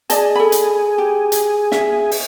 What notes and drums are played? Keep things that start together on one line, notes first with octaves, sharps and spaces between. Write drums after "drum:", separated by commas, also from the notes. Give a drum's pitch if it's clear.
G#4 D5 D#5 A5, drum: hi-hat
A4 B5
drum: hi-hat
G4
drum: hi-hat
E5, drum: snare
drum: open hi-hat